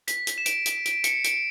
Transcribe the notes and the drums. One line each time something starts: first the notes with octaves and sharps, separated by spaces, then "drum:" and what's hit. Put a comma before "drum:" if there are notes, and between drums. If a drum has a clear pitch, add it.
B6, drum: hi-hat
drum: hi-hat
E7
D7, drum: hi-hat
drum: hi-hat
D7, drum: hi-hat
C#7, drum: hi-hat
D7, drum: hi-hat